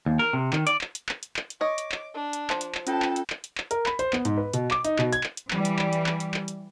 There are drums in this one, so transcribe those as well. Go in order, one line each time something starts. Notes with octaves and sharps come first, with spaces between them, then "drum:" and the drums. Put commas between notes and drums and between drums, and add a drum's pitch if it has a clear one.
D#2
A#4
C3
D#3, drum: clap
D5, drum: hi-hat
drum: clap
drum: hi-hat
drum: clap
drum: hi-hat
drum: clap
drum: hi-hat
C#5 D#5 D6
drum: hi-hat
drum: clap
D4
drum: hi-hat
F3, drum: clap
drum: hi-hat
drum: clap
C#4 F4 A4 G5 A5, drum: hi-hat
drum: clap
drum: hi-hat
drum: clap
drum: hi-hat
drum: clap
A#4, drum: hi-hat
B5, drum: clap
C5, drum: hi-hat
B3, drum: clap
G#2, drum: hi-hat
B4
B2, drum: hi-hat
D6, drum: clap
D#4, drum: hi-hat
B2, drum: clap
G#6, drum: hi-hat
drum: clap
drum: hi-hat
E3 G3, drum: clap
drum: hi-hat
drum: clap
drum: hi-hat
drum: clap
drum: hi-hat
drum: clap
drum: hi-hat